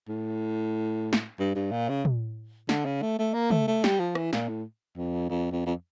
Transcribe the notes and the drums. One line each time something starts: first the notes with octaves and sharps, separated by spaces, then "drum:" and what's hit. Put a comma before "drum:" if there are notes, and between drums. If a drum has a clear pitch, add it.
A2
drum: snare
G2
G2
A#2
C#3
drum: tom
D3, drum: snare
C#3
A3
A3
A#3
A3, drum: tom
A3
G3, drum: snare
F3
E3, drum: rim click
A#2, drum: snare
A2
F2
F2
F2
F2